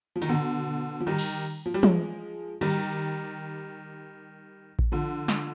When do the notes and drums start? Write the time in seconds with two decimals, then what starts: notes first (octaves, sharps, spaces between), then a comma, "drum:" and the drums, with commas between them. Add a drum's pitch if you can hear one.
0.16 F3
0.22 D#3, drum: open hi-hat
0.29 B2 D3
1.00 F3
1.07 D#3 G3
1.18 drum: cymbal
1.66 F3
1.74 G3
1.83 F3 G#3, drum: tom
2.61 D#3 G3
4.79 drum: kick A1
4.92 D3 F3
5.28 drum: snare